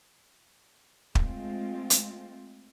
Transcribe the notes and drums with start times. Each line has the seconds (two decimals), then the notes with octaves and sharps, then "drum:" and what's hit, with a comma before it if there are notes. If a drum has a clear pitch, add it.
1.15 G#3 A3 C4 F4, drum: kick
1.90 drum: hi-hat